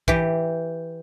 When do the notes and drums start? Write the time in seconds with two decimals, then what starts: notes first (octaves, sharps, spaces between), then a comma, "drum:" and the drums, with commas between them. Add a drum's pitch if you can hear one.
0.08 E3 G4, drum: kick